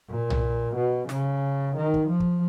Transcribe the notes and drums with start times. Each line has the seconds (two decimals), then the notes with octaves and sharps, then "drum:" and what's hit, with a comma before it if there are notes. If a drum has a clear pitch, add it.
0.10 A#2
0.30 drum: tom B1
0.76 B2
1.09 C#3, drum: snare
1.77 D#3
1.94 drum: kick
2.09 F3
2.20 drum: kick